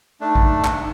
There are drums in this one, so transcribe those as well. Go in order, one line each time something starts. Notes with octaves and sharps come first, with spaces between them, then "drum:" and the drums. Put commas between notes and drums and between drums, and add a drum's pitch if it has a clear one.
A3 D4 D#4
drum: kick A1
drum: clap